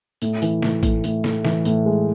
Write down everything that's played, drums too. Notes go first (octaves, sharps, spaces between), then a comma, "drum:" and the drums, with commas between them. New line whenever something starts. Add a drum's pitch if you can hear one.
A2, drum: tambourine
E3, drum: tambourine
A2, drum: snare
A2, drum: kick A1, tambourine
A2, drum: tambourine
A2, drum: snare
E3, drum: snare
A2, drum: tambourine
G#3